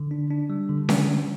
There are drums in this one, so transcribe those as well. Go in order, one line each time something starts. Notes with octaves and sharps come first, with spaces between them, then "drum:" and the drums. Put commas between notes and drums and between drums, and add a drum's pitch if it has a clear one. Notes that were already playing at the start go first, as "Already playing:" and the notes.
Already playing: D3
D4
D4
G3
D3
D4, drum: snare C#4
G3